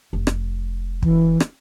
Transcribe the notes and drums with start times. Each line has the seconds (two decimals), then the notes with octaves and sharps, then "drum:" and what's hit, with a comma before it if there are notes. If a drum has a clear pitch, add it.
0.13 F1
0.27 drum: rim click
1.03 E3, drum: kick
1.40 drum: rim click